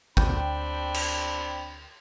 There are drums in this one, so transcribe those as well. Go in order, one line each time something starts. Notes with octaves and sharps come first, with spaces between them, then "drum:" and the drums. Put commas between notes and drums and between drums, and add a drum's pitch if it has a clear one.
D2 C4 D4 G5 B5, drum: kick
drum: cymbal